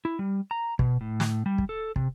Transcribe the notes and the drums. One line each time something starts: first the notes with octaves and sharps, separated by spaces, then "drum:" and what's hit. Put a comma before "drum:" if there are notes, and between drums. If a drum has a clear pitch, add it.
E4
G3
A#5
B2, drum: kick
A2
drum: snare
G3
drum: kick
A4
C3, drum: kick